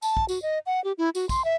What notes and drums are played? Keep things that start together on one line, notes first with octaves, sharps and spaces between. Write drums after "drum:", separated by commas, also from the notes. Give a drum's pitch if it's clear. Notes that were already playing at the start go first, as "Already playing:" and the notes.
A5, drum: tambourine
drum: kick
F#4, drum: tambourine
D#5
F#5
G4
E4
F#4, drum: tambourine
C6, drum: kick, tambourine
E5